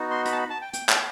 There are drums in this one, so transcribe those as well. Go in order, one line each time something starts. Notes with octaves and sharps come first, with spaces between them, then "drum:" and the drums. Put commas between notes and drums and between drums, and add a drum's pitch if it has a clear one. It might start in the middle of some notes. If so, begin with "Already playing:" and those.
Already playing: B3 D#4 F#4
C6
B5, drum: hi-hat
A5
B5
A5
G5
G5, drum: hi-hat
drum: clap